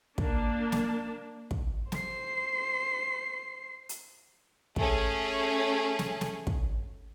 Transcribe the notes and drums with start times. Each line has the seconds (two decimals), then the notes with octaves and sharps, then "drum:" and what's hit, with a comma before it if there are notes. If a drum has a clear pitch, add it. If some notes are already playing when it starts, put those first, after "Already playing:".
0.18 A#3 D4, drum: kick
0.72 drum: snare
1.51 drum: kick
1.92 C5 C7, drum: snare
3.89 drum: hi-hat
4.76 A3 C#4 G#4, drum: kick
5.99 drum: snare
6.21 drum: snare
6.47 drum: kick